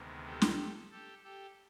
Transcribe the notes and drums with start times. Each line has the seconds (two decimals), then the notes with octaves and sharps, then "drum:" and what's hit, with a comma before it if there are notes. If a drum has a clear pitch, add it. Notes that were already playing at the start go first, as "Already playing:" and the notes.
Already playing: D2 C3 D#3 G#3 B3
0.26 G4 A4
0.42 drum: snare
0.91 G4 A4
1.24 G4 A4